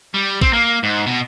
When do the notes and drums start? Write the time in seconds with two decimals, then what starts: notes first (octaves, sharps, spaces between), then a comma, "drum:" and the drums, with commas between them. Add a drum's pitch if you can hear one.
0.14 G3
0.41 C4, drum: kick
0.53 A#3
0.83 G#2
1.06 B2